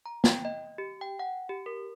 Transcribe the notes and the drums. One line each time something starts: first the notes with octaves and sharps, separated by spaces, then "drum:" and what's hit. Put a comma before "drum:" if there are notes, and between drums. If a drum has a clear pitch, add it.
A#5
G5, drum: snare
D#5
G4
G5
F#5
G4
A#4